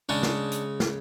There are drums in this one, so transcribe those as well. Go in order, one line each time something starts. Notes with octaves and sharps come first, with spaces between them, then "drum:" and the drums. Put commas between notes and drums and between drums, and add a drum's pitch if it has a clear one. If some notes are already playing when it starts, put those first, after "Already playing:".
C#3 G#3 C#4 D4
drum: snare
drum: hi-hat
drum: snare